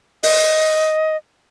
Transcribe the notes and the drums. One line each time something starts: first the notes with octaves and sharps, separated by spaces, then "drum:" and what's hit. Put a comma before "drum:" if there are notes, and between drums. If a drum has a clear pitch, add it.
D#5, drum: open hi-hat